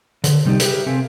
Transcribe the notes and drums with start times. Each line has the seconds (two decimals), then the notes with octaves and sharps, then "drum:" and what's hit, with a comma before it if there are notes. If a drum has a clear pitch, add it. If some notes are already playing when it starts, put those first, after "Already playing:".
0.24 D3, drum: hi-hat
0.45 C3 G3 D#4 G4
0.60 G4 G#4 A#4 B4 E5 G5, drum: hi-hat
0.86 C3 C4 A4 E5 F5 G#5